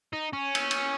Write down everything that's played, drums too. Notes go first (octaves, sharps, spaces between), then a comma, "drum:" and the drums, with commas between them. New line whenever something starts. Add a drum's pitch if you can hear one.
D#4
C#4
drum: cymbal
drum: cymbal